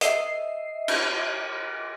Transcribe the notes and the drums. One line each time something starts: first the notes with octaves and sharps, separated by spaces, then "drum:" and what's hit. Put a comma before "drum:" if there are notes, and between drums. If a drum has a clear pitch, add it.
D#5 E5 C7, drum: hi-hat
drum: cymbal